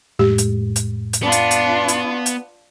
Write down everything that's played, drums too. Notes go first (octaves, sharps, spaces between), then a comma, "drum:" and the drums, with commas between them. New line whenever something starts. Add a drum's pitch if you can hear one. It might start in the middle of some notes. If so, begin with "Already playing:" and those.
F2 A2 G#3 G4
drum: hi-hat
drum: hi-hat
drum: hi-hat
B3 D4 F4
drum: hi-hat
drum: hi-hat
drum: hi-hat
drum: hi-hat